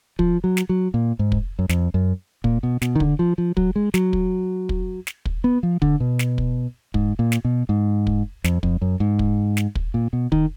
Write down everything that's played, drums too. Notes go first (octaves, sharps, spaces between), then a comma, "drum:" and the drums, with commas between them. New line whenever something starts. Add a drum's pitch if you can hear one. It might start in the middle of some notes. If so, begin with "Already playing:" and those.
F3, drum: kick
F#3
drum: snare
F#3
A#2
G#2
drum: kick
F#2
F2, drum: snare
F#2
A#2, drum: kick
B2
B2, drum: snare
D#3
D3, drum: kick
F3
F3
F#3, drum: kick
G#3
F#3, drum: snare
drum: kick
drum: kick
drum: snare
drum: kick
B3
F3
D3, drum: kick
B2
drum: snare
drum: kick
G#2, drum: kick
A#2
drum: snare
B2
G#2
drum: kick
F2, drum: snare
F2, drum: kick
F#2
G#2
drum: kick
drum: snare
drum: kick
A#2
B2
D#3, drum: kick